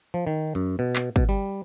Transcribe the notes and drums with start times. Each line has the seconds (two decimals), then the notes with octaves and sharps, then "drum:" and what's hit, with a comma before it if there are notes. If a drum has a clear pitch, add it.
0.14 F3
0.27 D#3
0.55 F#2, drum: hi-hat
0.79 B2
0.96 drum: clap
1.16 B2, drum: kick, hi-hat
1.29 G3